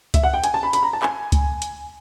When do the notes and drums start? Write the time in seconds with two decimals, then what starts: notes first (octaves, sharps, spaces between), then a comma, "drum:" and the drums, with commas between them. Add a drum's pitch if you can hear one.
0.14 E5, drum: kick C#2, hi-hat
0.23 F#5
0.34 G5
0.44 G#5, drum: hi-hat
0.54 A5
0.63 B5
0.73 B5, drum: hi-hat
0.83 A#5
0.93 A5
1.03 G#5, drum: clap
1.32 drum: kick C#2, hi-hat
1.62 drum: hi-hat